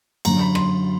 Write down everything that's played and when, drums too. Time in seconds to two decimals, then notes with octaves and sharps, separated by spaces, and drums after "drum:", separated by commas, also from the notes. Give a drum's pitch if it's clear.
0.25 F#2 D3 F#3 A#5, drum: cymbal
0.40 B5
0.55 C6, drum: rim click